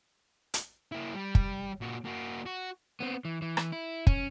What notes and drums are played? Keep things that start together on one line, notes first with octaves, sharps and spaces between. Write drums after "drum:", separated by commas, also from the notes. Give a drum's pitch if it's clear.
drum: hi-hat
A#3 E4
G3
drum: kick
A#2 F#4
A#3 F#4
F#4
B3 C4
E3
E3
drum: rim click
E4
C#4, drum: kick